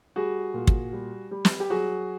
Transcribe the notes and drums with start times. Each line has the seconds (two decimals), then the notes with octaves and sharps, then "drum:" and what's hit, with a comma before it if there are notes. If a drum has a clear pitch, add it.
0.16 G3 F#4 G#4
0.54 A#2
0.67 drum: kick
0.93 G3
1.31 G3
1.45 drum: snare
1.60 G4
1.70 F#3 F#4 G#4